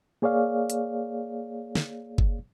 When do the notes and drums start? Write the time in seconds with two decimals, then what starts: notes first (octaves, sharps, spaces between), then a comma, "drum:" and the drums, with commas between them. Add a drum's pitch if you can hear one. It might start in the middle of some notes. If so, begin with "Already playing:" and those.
0.22 A#3 G#4 C#5 D5 F5
0.70 drum: hi-hat
1.75 drum: snare
2.18 drum: kick G1